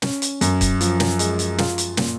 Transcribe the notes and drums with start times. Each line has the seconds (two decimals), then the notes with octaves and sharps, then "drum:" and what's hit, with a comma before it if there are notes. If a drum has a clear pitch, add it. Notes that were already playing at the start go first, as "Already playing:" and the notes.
0.02 C#4, drum: snare
0.22 drum: hi-hat
0.41 F#2, drum: hi-hat
0.61 drum: kick, hi-hat
0.81 F3, drum: hi-hat
1.00 drum: snare
1.19 G#3, drum: hi-hat
1.39 drum: hi-hat
1.58 F4, drum: snare
1.78 drum: hi-hat
1.97 A#2, drum: snare